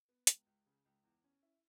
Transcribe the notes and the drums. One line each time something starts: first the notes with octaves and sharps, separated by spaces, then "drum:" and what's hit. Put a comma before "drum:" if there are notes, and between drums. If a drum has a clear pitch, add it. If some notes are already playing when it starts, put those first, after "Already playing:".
B3
C#2, drum: hi-hat
C#2
C#3
C#2
E2
C#4
E4